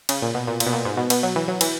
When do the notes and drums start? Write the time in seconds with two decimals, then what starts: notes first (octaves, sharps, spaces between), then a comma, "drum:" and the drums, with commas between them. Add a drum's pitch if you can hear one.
0.09 C#3, drum: cymbal
0.22 A#2
0.34 B2
0.47 A#2
0.60 A#2, drum: cymbal
0.66 B2
0.72 A#2
0.85 G#2
0.97 B2
1.10 B2, drum: cymbal
1.23 F#3
1.36 E3
1.48 F#3
1.61 E3, drum: cymbal